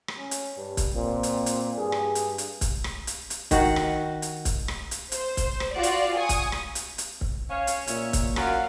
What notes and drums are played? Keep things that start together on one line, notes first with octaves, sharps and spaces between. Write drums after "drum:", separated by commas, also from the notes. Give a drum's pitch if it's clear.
drum: rim click
C#4
drum: hi-hat
G2
drum: kick C#1, hi-hat
A#2 C4
drum: hi-hat
drum: hi-hat
G2 G#4
drum: rim click
drum: hi-hat
drum: hi-hat
drum: kick C#1, hi-hat
drum: rim click
drum: hi-hat
drum: hi-hat
D#3 F#4 F#5, drum: kick C#1, hi-hat
drum: rim click
drum: hi-hat
drum: kick C#1, hi-hat
drum: rim click
drum: hi-hat
C5, drum: hi-hat
drum: kick C#1, hi-hat
drum: rim click
F4 F#4 D5
drum: hi-hat
G#5 C#6 D#6
drum: kick C#1, hi-hat
drum: rim click
drum: hi-hat
drum: hi-hat
drum: kick C#1
C#4 C#5 F5
drum: hi-hat
A#2 E5, drum: hi-hat
drum: kick C#1, hi-hat
F#2 F5 F#5, drum: rim click